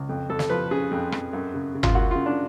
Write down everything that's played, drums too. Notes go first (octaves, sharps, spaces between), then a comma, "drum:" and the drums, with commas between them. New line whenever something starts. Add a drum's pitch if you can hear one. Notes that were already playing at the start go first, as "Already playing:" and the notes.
Already playing: C#2
F2
F2 A4
drum: snare
F3 B4
C#3 G#4
F2
F2, drum: rim click
F#2
C#3
C#3
F4, drum: tom G1
F#2 F#4
C#3 F4
D4